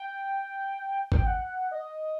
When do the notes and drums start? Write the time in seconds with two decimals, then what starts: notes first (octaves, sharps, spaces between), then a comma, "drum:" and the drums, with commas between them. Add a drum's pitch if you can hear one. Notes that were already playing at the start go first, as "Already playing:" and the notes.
Already playing: G5
1.12 G5, drum: kick
1.27 F#5
1.71 D#5